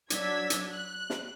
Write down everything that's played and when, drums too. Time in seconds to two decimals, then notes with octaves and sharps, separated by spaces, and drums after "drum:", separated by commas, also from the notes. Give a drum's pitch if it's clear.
0.10 F#3 D4 E6 G#6 B6, drum: hi-hat
0.50 drum: hi-hat
0.72 F#6
1.10 drum: snare